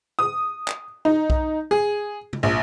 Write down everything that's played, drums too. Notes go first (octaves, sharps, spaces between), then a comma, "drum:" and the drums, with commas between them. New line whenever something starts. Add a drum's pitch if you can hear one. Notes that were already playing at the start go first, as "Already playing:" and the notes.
D#6
drum: clap
D#4
drum: kick B1
G#4
drum: tom C3
A#1